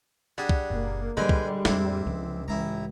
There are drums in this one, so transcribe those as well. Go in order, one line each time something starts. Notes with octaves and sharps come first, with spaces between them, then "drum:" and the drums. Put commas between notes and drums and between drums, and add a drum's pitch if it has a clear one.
G3 D4 G#4 F#5
drum: kick
F#1 A#2 A#3
A#2 D3 G3 G#3 B4 G5 G#5
drum: kick
F2 A2 C4 D4 E4, drum: snare
C#2 E3 F3
A1 G#3 E4 A#5